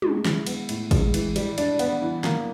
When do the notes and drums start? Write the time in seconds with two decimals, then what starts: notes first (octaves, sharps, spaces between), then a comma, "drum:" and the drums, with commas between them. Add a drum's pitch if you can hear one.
0.02 G#3, drum: tom
0.25 E4, drum: snare
0.47 B3, drum: cymbal
0.69 A2, drum: cymbal
0.91 G#3, drum: kick, cymbal
1.14 E3, drum: cymbal
1.36 G3, drum: cymbal
1.58 D4, drum: cymbal
1.79 B3, drum: cymbal
2.02 E3
2.24 A#3, drum: snare